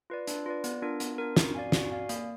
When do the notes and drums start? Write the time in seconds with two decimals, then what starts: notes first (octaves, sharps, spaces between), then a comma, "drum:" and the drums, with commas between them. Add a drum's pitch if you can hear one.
0.10 F4 B4 D5
0.27 D4, drum: hi-hat
0.46 F4 B4 D5
0.64 B3, drum: hi-hat
0.82 D4 F4 A#4
1.00 B3, drum: hi-hat
1.18 D4 F4 A#4
1.36 F#4, drum: snare
1.55 D5 F5 G#5
1.72 F#4, drum: snare
1.91 D5 F5 G#5
2.09 A#3, drum: hi-hat